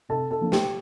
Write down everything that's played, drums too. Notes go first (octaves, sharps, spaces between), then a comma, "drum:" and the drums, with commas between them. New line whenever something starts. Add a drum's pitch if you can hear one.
C3 A4 A5
A4 A5
F3 A#3 D4
G4 G5, drum: snare